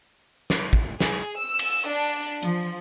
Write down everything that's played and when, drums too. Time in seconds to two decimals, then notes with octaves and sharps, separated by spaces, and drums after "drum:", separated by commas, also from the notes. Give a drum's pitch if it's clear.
0.50 drum: snare
0.73 drum: kick
1.00 G#4, drum: snare
1.40 E6
1.59 drum: cymbal
1.88 D4
2.43 F3, drum: hi-hat